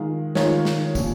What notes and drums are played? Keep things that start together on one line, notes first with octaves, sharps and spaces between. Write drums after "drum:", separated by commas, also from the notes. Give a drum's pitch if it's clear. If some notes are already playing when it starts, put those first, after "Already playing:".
Already playing: D#3 G#3 F4 F5
D#3 G#3 F4 C#5 F5, drum: snare
drum: snare
A#2 F3 C#4, drum: kick, tambourine